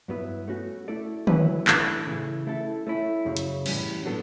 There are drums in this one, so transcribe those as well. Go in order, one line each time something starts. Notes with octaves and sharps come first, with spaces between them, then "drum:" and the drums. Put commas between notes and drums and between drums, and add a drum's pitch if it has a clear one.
G2 F#3 B3 E4 B4
A3 C#4 F#4
A3 E4 A4 D5
F#3 C#4 E4 B4, drum: tom D3
A2 E3 A3 D4 A4, drum: clap
C#3 E3 A3
A3 E4 A4
A3 C#4 E4
F#2 C#3 F#3
drum: hi-hat
A2 E3 G3 C#4, drum: cymbal
F#3 B3 D4 F#4 A4